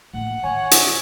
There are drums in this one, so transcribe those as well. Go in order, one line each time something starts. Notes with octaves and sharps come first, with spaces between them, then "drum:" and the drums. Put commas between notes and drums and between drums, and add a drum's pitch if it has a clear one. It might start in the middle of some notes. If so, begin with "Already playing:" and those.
A2 A#3 F#5
D#3 C#5 G#5
drum: hi-hat